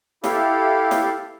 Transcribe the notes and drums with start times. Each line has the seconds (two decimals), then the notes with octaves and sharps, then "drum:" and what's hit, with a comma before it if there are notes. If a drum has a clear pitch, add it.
0.24 E4 G4 A4 F5, drum: snare
0.91 drum: snare